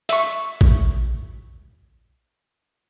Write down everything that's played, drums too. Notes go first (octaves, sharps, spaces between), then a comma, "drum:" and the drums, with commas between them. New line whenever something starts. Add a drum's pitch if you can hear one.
E5 C#6, drum: hi-hat
drum: kick A1